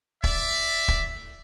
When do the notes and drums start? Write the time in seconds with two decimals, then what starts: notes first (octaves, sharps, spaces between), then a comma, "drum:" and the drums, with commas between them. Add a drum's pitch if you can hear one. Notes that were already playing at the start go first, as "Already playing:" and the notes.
0.24 D5 E5, drum: kick
0.88 drum: kick